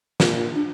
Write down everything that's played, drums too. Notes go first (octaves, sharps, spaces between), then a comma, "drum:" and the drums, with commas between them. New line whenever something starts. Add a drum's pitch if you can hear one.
A#2, drum: snare
D4